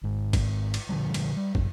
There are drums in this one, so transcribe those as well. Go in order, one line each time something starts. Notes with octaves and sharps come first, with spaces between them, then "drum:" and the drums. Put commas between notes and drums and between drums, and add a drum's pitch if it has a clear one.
G#1 G#2
drum: kick, cymbal
drum: cymbal
A#2 D3 F3 G3
drum: cymbal
G3
E1 F#2, drum: kick